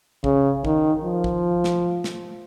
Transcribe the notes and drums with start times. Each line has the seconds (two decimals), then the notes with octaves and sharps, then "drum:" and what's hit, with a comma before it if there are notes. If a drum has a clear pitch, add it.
0.24 C#3, drum: kick
0.65 D#3, drum: kick
1.04 F3
1.24 drum: kick
1.64 drum: snare
2.04 drum: snare